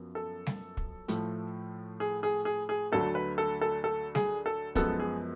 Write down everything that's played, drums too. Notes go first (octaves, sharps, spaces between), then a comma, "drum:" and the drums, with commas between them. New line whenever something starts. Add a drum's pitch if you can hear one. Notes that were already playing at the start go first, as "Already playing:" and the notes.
Already playing: F#2 F3 B3
A4
drum: snare G3
drum: kick
A2 F3 A3, drum: hi-hat
G#4
G#4
G#4
G#4
D2 D3 F#3 A3 A4
B4
A4
A4
A4
G#4, drum: snare G3
A4
F#2 F3 G#3 B3 A4, drum: kick, hi-hat
G#4